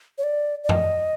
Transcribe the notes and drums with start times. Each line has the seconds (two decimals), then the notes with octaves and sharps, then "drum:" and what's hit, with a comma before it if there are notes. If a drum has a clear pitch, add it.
0.18 C#5
0.23 D5
0.64 D5
0.69 D#5, drum: tom F#2